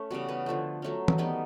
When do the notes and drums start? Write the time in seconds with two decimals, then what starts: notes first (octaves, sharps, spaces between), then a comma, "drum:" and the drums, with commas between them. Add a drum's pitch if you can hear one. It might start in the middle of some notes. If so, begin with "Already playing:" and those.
Already playing: A3 C#4
0.10 C#3 E3 G3 B3 F#4
0.29 B3 B4
0.46 D3 F3 A3
0.82 F#3 A3 C#4
1.08 drum: tom E3
1.18 D#3 G3 B3 D#4